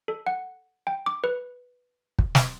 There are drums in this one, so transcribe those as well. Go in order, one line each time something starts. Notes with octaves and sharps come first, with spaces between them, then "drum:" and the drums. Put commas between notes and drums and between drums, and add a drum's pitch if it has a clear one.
A4
F#5
G5
D6
B4
drum: kick
drum: snare